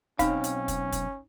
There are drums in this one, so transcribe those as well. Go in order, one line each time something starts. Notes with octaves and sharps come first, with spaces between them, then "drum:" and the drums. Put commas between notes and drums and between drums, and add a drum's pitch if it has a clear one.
B1 C4 C#4 D#4 F5, drum: kick, hi-hat
drum: hi-hat
drum: kick, hi-hat
drum: kick, hi-hat